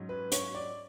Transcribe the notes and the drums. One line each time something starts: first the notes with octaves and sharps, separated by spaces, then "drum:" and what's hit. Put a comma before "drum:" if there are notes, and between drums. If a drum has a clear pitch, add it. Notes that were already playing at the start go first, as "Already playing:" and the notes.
Already playing: G#2 F#3 C#4
B4
C#5, drum: hi-hat
D5